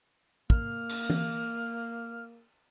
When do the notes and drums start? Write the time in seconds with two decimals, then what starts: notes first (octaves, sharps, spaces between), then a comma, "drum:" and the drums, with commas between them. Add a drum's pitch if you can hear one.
0.50 A#3 F6, drum: kick
0.89 drum: cymbal
1.10 drum: tom E3